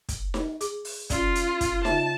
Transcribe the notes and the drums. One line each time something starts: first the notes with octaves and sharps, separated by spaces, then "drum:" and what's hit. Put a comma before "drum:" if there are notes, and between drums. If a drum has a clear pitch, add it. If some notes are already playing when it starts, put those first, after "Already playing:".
drum: kick, hi-hat
drum: snare D#4
G#4 D6, drum: hi-hat
drum: open hi-hat
C#4 F4 D5, drum: kick, hi-hat
drum: hi-hat
drum: kick, hi-hat
C#3 F4 E5 A5, drum: snare D#4